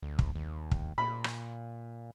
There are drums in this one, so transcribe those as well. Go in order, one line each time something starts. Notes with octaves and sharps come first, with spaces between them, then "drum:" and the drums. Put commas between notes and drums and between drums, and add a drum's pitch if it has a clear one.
D2
drum: kick
D#2
drum: kick
A#2 B5
drum: rim click